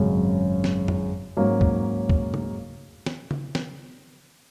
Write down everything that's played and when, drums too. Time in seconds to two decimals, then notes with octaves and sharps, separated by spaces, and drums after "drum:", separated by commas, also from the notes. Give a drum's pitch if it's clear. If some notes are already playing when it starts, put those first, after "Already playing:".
Already playing: G#1 F#2 C#3 G#3
0.64 drum: snare
0.88 drum: tom F2
1.37 G#2 F#3 A#3 C#4
1.61 drum: kick C2
2.09 drum: kick C2
2.34 drum: tom C#3
3.06 drum: snare
3.31 drum: tom C#3
3.55 drum: snare